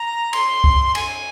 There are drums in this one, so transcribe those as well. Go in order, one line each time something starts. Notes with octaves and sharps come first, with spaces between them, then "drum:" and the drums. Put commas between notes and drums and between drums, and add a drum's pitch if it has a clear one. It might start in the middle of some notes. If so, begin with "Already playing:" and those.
Already playing: A#5
C6, drum: cymbal
drum: kick C2
G#5, drum: cymbal